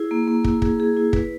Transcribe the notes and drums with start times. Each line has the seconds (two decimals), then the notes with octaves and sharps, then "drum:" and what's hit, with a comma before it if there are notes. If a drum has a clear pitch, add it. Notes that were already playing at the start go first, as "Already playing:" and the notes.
Already playing: E4 G#4
0.11 A#3
0.28 A#3
0.44 E4, drum: kick
0.62 G#4, drum: kick
0.80 G#4
0.97 E4
1.13 B4, drum: kick